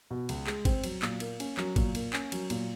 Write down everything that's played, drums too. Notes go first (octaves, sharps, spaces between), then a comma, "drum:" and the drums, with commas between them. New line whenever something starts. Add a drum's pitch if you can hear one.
B2
C#2, drum: cymbal
G#3, drum: clap
C4, drum: kick, cymbal
F#3, drum: cymbal
A#2, drum: clap
A#3, drum: cymbal
C#4, drum: cymbal
F#3, drum: clap
A#2, drum: kick, cymbal
A#3, drum: cymbal
C#4, drum: clap
F#3, drum: cymbal
A#2, drum: cymbal